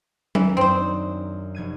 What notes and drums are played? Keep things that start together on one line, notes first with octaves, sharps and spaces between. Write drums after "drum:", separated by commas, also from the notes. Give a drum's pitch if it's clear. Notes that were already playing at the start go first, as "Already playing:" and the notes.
D#2 E3, drum: tom F#3
F#2 C4 D4 D#4 C5
F1 G#6 D#7